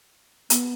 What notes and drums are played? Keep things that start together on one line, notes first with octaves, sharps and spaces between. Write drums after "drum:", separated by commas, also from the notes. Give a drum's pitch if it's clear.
B3, drum: hi-hat